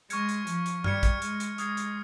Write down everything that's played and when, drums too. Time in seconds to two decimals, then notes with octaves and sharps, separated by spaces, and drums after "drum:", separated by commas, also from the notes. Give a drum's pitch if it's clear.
0.10 G#3 C#6 F6 G#6 C#7, drum: hi-hat
0.29 drum: hi-hat
0.47 F3, drum: hi-hat
0.66 drum: hi-hat
0.84 G3 F6 G#6 C#7, drum: tom G2
1.03 drum: kick, hi-hat
1.22 G#3, drum: hi-hat
1.40 drum: hi-hat
1.58 G#3 D#6 G#6 C7, drum: hi-hat
1.77 drum: hi-hat